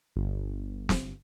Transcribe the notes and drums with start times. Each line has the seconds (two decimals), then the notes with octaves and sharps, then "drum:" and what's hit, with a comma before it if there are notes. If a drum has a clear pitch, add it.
0.16 G1
0.89 drum: snare